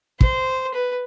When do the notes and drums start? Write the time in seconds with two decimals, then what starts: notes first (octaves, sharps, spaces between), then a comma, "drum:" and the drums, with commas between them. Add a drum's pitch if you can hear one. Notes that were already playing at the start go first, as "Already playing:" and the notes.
0.21 C5, drum: kick
0.74 B4